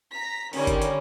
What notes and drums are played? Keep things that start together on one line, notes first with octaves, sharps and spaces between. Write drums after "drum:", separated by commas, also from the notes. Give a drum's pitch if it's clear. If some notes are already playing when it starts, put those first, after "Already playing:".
A#5 B6
D3 D#3 G3 C#4, drum: open hi-hat
drum: kick G1, hi-hat
drum: hi-hat